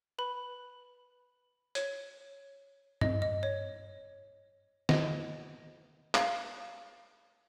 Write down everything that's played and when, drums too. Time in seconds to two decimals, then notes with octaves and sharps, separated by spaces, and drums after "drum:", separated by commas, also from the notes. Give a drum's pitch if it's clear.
0.18 B4 B5
1.75 C#5, drum: hi-hat
3.01 D#5, drum: tom G2
3.22 D#5
3.43 C#5
4.89 D#5, drum: snare
6.15 F5, drum: clap